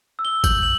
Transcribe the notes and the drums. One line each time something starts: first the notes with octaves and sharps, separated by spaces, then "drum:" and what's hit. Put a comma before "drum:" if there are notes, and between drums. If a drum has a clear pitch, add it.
E6
G7
G6 F#7, drum: kick G#1, tambourine
F#7